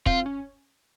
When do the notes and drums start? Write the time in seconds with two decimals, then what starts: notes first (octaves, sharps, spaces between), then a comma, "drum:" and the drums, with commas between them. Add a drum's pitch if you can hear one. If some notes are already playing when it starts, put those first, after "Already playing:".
0.06 C4 F4, drum: kick
0.26 C#4